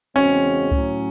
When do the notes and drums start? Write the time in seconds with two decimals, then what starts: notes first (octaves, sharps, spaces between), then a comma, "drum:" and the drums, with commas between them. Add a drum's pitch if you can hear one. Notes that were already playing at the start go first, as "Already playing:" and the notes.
0.15 E2 C#3 G#3 C4 C#4 F#4
0.72 A2 F#3 C#4, drum: kick C#2